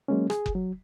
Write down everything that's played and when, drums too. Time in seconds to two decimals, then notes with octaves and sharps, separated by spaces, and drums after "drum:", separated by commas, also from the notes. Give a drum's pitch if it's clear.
0.08 F#3 G#3 A#3 C#4
0.30 G#4, drum: rim click
0.46 drum: kick F#1
0.55 F#3